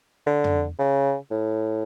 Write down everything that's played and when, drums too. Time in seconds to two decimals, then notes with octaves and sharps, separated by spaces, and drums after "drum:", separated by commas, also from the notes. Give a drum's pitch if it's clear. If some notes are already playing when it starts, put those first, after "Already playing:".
0.27 D3
0.44 drum: tom
0.79 C#3
1.31 A2